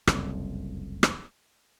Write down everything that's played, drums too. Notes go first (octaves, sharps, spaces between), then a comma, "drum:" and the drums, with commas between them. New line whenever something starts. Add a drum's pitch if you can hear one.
F#1 C2 F2, drum: rim click
drum: rim click